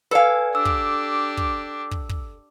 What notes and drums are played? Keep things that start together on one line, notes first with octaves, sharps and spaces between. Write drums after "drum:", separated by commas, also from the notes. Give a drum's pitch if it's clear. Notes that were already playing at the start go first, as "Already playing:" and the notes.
A4 B4 D5 F5 G#5
D4 G4 E6
drum: kick
drum: kick
drum: kick
drum: kick